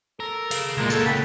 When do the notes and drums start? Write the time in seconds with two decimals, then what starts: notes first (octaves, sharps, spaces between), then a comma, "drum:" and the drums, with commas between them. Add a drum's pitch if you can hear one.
0.20 A4 A#4
0.51 G#4 F5, drum: open hi-hat
0.77 C#2 A#2 G#3 A#4
0.90 A4 A5, drum: tambourine
1.06 C#3 F#5 G5 B5